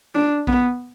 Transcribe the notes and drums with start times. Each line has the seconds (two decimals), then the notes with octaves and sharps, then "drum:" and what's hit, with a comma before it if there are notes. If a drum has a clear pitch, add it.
0.15 D4
0.47 B3, drum: kick A#1